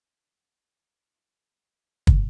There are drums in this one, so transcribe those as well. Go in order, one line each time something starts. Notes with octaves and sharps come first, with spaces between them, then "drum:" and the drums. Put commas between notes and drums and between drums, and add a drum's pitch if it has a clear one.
D#4 F4 F#5
drum: kick